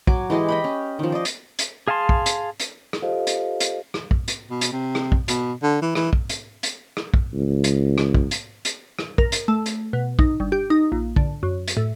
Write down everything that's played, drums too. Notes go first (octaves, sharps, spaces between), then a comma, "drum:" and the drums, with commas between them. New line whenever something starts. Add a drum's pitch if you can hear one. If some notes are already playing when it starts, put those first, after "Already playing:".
F#3 G#5 D6, drum: kick
E3 G#3 G4 D#5
D#5 G5 B5
C#4
D#3 F3
D5 D#5
drum: hi-hat
drum: hi-hat
G#4 F5 G#5 A5 C6
drum: kick
drum: hi-hat
drum: hi-hat
drum: rim click
F4 G4 A4 C5 D#5 F5
drum: hi-hat
drum: hi-hat
drum: rim click
drum: kick
drum: hi-hat
B2
drum: hi-hat
C3
drum: rim click
drum: kick
B2, drum: hi-hat
D3
E3
E3, drum: rim click
drum: kick
drum: hi-hat
drum: hi-hat
drum: rim click
drum: kick
C#2
drum: hi-hat
drum: rim click
drum: kick
drum: hi-hat
drum: hi-hat
drum: rim click
A#4, drum: kick
drum: hi-hat
A3
drum: hi-hat
B2
D#4, drum: kick
G1
G4
D#4
A#1
D3, drum: kick
F#2
drum: hi-hat
A2